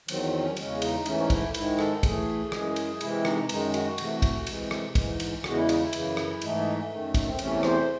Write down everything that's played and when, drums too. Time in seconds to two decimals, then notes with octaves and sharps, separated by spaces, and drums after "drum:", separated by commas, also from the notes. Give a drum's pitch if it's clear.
0.08 E2 D#3 F#3 C4, drum: cymbal
0.24 C4
0.41 C#4
0.57 E2 C#3 G#3 C#4, drum: cymbal
0.82 D#4, drum: cymbal
1.06 G#2 E3 A3 C#4, drum: cymbal
1.20 D#4
1.30 E4, drum: kick, cymbal
1.54 G#2 D#3 G#3 E4, drum: cymbal
1.79 A4, drum: rim click
2.03 A2 E3 A3 G#4, drum: kick, cymbal
2.52 F#2 E3 G#3, drum: rim click
2.76 drum: cymbal
3.01 C3 E3 G#3 E4, drum: cymbal
3.25 D#4, drum: rim click
3.49 F#2 D#3 G#3 D#4, drum: cymbal
3.74 F#4, drum: cymbal
3.98 C3 E3 A3, drum: cymbal
4.22 drum: kick, cymbal
4.47 C3 E3 G#3, drum: cymbal
4.71 drum: rim click
4.95 G#2 E3 G#3, drum: kick, cymbal
5.20 drum: cymbal
5.44 E2 C#3 E3 G#3 F#4, drum: rim click
5.56 E4
5.69 D#4, drum: cymbal
5.81 E4
5.93 F#2 C#3 E3, drum: cymbal
6.17 drum: rim click
6.42 G#2 E3 A3 D#4, drum: cymbal
6.57 D#4
6.90 F#2 D#3 A3
7.14 drum: kick, cymbal
7.25 C4
7.39 E2 C3 E3 A3 C#4, drum: cymbal
7.63 C5, drum: rim click